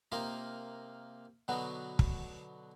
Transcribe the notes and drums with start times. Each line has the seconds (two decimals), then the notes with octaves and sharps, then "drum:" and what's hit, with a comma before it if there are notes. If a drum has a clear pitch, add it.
0.12 C3 A#3 D#4 F4 A#4 C5
1.48 B2 D3 F#3 B3 D#4 F#4
1.99 drum: kick